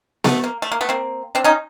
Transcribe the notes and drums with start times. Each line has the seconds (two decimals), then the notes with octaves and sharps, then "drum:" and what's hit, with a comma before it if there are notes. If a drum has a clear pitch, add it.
0.24 A3 B3, drum: snare B3
0.44 A#3
0.62 A3
0.72 A#3
0.81 A3 B3
0.89 A#3 C4
1.35 C4 D4
1.44 C#4 D#4